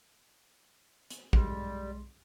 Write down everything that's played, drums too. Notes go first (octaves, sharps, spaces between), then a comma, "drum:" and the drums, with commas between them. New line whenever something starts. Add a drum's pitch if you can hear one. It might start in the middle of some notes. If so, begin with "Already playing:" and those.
drum: hi-hat
B1 G3 G#3 C6, drum: kick